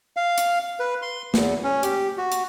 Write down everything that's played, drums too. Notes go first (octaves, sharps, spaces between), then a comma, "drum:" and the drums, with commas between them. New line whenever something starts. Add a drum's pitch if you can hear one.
F5
drum: hi-hat
B4
C6
E2, drum: snare
C#4
G4, drum: hi-hat
F#4
drum: hi-hat